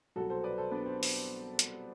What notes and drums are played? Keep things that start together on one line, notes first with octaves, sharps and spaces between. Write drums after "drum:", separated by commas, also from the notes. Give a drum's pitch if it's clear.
C2 B2 F#3 F#4 A4
A4 C5
B4 D5
A4 C5
B3 D4
C4
drum: open hi-hat
drum: hi-hat